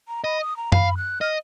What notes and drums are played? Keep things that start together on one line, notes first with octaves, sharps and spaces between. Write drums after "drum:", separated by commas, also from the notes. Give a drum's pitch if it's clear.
A#5
D#5 B5
D#6
A#5
F5 B5, drum: tom F#2
F#6
D#5 F6